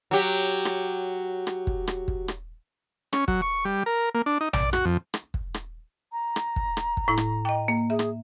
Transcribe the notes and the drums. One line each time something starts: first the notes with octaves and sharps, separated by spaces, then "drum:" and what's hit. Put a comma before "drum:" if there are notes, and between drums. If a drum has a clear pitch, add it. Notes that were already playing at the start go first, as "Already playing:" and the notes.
F#3 G4
drum: rim click
drum: rim click
drum: kick
drum: rim click
drum: kick
drum: rim click
C#4, drum: rim click
F#3, drum: kick
C#6
G3
A#4
A#3
D4
D#4
D5, drum: tom A#1
F#4, drum: rim click
F2
drum: rim click
drum: kick
drum: rim click
A#5
drum: rim click
drum: kick
drum: rim click
drum: kick
A2 E4
drum: rim click
D#5 G5
A#3
G#4 E5
drum: rim click